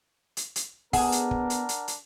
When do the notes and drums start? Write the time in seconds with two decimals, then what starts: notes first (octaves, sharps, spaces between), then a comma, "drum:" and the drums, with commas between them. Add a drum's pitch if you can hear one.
0.37 drum: hi-hat
0.56 drum: hi-hat
0.93 B3 D4 G#4 A#4 F#5, drum: kick, open hi-hat
1.12 drum: hi-hat
1.31 drum: kick
1.50 drum: hi-hat
1.69 drum: hi-hat
1.88 drum: hi-hat